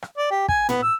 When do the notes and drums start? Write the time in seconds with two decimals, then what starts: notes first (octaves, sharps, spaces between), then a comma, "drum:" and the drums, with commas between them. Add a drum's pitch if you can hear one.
0.02 drum: rim click
0.18 D5
0.31 G4
0.48 G#5, drum: kick
0.69 B3, drum: tom A2
0.83 E6